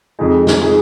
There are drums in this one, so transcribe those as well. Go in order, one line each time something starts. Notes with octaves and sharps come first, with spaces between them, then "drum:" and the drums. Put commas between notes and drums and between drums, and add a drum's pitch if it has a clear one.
F2 F3 G#3 D#4 G#4
drum: snare
F3 G#3 D#4 G#4